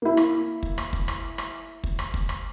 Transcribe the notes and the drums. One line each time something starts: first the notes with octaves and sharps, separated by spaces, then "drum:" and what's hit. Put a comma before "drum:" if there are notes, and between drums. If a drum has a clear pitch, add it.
A#3 E4
drum: rim click
drum: kick
drum: rim click
drum: kick
drum: rim click
drum: rim click
drum: kick
drum: rim click
drum: kick
drum: rim click